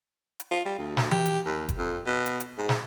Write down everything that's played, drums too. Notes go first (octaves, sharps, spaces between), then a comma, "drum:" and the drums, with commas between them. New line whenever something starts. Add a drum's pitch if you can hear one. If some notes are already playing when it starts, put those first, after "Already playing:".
drum: hi-hat
F4
G3
D2
drum: snare
G4, drum: tom E3
drum: hi-hat
D#2
drum: kick F#1, hi-hat
F2
B2
drum: hi-hat
drum: hi-hat
G#2
drum: snare